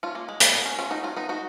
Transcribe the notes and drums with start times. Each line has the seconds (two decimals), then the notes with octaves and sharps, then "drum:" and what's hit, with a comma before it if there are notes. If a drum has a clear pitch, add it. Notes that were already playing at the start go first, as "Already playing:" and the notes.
0.03 C#4 F4
0.15 A#3
0.29 G#3
0.40 A#3, drum: hi-hat
0.53 B3
0.66 C#4
0.79 C#4 F4
0.91 D#4 F#4
1.04 C#4 F4
1.16 B3 D#4
1.29 D#4 F#4